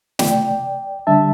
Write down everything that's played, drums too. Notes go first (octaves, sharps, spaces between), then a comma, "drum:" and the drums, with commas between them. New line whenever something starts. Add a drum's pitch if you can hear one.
C3 E3 A3 D5 G5, drum: snare
D3 G3 D4 E5 A5